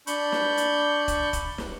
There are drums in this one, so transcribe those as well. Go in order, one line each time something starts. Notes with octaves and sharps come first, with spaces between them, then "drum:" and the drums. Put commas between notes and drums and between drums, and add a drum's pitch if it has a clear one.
D4 B5 C#6 G6, drum: hi-hat
drum: snare
drum: hi-hat
drum: kick, hi-hat
drum: kick, hi-hat
drum: snare